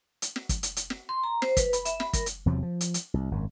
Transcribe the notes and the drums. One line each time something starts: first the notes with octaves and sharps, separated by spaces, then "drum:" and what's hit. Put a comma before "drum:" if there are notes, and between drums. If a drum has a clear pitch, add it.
drum: hi-hat
drum: snare
drum: kick, hi-hat
drum: hi-hat
drum: hi-hat
drum: snare
C6
A#5
C5, drum: snare
B4, drum: kick, hi-hat
B5, drum: hi-hat
E5, drum: hi-hat
B5, drum: snare
A#4, drum: kick, hi-hat
drum: hi-hat
E2 C3 F3 F#3
F3
drum: hi-hat
drum: hi-hat
C2
G#1 F#2